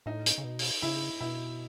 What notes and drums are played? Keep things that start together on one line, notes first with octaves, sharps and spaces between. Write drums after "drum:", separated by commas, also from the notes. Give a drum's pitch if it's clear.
A2 D#4
drum: hi-hat
C#3
B2
drum: open hi-hat
C#3 E4
B2 E4